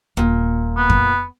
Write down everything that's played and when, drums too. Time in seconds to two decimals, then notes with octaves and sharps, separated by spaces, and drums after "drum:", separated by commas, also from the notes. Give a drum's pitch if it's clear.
0.17 D#1 A#2
0.77 B3
0.90 drum: kick F2